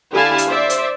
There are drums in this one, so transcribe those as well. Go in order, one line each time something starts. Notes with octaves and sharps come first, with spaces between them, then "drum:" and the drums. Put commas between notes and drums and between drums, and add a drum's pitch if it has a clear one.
D3 E4 G4 F5 G#5 A5
drum: hi-hat
C5 D5 E5
drum: hi-hat